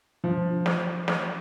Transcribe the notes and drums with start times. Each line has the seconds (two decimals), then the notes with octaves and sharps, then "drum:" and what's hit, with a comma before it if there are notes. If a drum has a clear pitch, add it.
0.24 F3
0.66 drum: snare
1.08 drum: snare